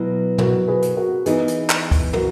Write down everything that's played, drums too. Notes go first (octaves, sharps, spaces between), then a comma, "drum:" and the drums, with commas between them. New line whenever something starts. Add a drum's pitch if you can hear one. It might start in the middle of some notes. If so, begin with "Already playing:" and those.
Already playing: B2 F#3 B3 E4
F#4 A#4, drum: tom
G#4 B4
drum: hi-hat
F#4 A#4
E3 B3 D#4 G#4 B4, drum: hi-hat
drum: hi-hat
drum: clap
drum: kick, open hi-hat
F#4 A#4, drum: tom